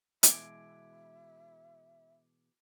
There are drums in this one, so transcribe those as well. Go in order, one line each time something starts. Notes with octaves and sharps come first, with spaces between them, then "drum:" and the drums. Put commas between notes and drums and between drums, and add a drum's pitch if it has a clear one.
B2 E3 G#3 E5 D6 G#6 D7, drum: hi-hat